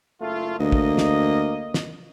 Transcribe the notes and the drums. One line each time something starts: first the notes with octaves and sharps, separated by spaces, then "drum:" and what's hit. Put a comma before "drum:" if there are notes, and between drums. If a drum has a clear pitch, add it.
F#1 A3 F4
D2 A#3 D#5
drum: kick
drum: snare
drum: snare